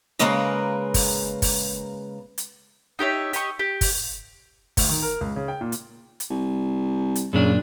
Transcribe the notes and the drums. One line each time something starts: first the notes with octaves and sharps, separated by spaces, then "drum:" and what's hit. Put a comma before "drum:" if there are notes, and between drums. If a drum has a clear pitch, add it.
C#3 G#3 A#3 A#4 B4
drum: kick, open hi-hat
drum: kick, open hi-hat
drum: hi-hat
D#4 G4 C#5 E5
G4 D#5 C#6, drum: hi-hat
G4
drum: kick, open hi-hat
D2, drum: kick, open hi-hat
D#3
A#4
C#2
C#3
G5
A#2
drum: hi-hat
drum: hi-hat
C2
drum: hi-hat
F#2 A#2 C#3 D4